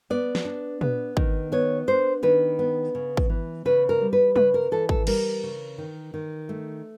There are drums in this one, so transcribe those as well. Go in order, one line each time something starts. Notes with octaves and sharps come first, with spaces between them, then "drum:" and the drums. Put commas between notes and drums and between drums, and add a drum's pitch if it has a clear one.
B3 D5
drum: snare
D4
B3, drum: tom
D#3, drum: kick
B3 C#5
D4 C5
D#3 B4
B3
C#3
drum: kick
E3
C#3 B4
A#4
G3
B4
C#3 B4, drum: tom
A#4
E3 A4
A4, drum: kick
G3 A#4, drum: cymbal
C#3
D#3
D#3
A3